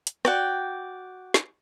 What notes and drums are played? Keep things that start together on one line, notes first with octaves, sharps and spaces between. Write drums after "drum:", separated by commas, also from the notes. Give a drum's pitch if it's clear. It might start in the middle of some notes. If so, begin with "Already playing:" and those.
drum: hi-hat
F#4 D5 G5, drum: rim click
drum: snare